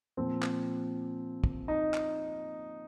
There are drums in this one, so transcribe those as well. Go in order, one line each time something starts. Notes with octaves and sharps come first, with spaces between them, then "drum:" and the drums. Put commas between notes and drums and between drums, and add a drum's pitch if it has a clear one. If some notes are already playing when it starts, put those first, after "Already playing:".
A#2 F3 C4
drum: clap
drum: kick
D#4
drum: clap